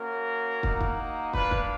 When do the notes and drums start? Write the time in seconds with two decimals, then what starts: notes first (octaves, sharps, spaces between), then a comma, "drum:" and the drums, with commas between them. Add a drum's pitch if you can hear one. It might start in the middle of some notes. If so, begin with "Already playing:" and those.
Already playing: A#3 C#4 F#4 A#4
0.63 A#3 D#4 F#4, drum: kick
0.81 drum: kick
1.33 A#3 D4 F4 B4, drum: kick
1.51 drum: kick